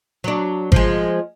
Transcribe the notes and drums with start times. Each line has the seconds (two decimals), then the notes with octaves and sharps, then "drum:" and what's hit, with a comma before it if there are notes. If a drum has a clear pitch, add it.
0.24 F#3 D4
0.72 F3 G#3, drum: kick G#1